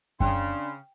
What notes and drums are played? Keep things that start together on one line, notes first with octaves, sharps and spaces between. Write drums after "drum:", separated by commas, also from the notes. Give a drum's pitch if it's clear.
C#3 D4 G5 C6, drum: kick F#2